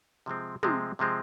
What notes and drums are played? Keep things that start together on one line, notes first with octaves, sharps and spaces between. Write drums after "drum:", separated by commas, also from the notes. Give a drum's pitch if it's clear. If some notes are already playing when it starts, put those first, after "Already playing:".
C3 F3 G#3 C4
C3 F3 G#3 C4, drum: tom
C3 F3 G#3 C4